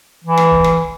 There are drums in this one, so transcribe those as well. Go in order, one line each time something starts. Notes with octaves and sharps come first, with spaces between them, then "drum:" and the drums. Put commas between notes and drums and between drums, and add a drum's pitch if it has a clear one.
E3
drum: rim click
drum: kick
drum: rim click